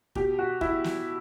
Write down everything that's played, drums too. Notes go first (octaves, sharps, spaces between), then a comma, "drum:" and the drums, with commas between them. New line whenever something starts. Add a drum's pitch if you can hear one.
B2 G4, drum: kick
F#4
E4, drum: kick
drum: snare